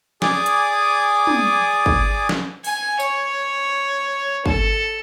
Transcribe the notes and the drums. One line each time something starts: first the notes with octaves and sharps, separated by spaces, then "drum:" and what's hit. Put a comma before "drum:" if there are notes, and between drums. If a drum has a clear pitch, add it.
G#4 D5 G#5 D6 D#6, drum: snare
drum: hi-hat
drum: tom
drum: kick
drum: snare
G#5, drum: open hi-hat
C#5, drum: tambourine
A4, drum: kick